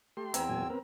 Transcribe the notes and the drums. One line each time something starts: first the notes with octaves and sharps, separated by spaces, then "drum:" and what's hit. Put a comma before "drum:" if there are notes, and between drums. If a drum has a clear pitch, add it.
A3 G4 C6
E2 C4 B4 G#5 A#5 E6, drum: hi-hat
A#2 F#3 G#5
B3 C4 A#4